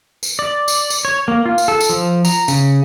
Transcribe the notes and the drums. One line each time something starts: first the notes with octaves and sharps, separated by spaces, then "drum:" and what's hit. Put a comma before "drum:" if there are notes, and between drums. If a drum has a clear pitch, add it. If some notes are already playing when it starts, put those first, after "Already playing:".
drum: tambourine
D5
drum: tambourine
drum: tambourine
C#5
A#3
F4
drum: tambourine
A4
drum: tambourine
F3
A#5, drum: tambourine
C#3, drum: tambourine